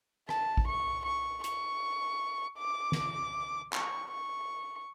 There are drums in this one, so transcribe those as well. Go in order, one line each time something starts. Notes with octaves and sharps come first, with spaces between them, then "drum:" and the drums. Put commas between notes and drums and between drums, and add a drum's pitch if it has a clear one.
A5, drum: rim click
drum: kick
C#6
C#6
C#6, drum: hi-hat
D6
drum: snare
C#6, drum: clap
C#6